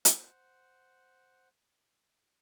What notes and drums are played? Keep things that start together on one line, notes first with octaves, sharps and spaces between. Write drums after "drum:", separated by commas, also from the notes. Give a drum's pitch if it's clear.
C5 F#5, drum: hi-hat